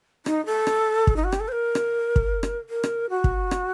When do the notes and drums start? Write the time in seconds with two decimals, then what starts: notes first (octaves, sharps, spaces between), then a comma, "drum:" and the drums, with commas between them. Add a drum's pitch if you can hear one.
0.26 D#4, drum: rim click
0.46 A4
0.67 drum: rim click
1.07 drum: kick
1.17 D#4
1.24 F#4
1.32 G4, drum: rim click
1.40 A4
1.48 C5
1.52 A#4
1.75 drum: rim click
2.16 drum: kick
2.43 drum: rim click
2.70 A#4
2.83 drum: rim click
3.10 F#4
3.24 drum: kick
3.51 drum: rim click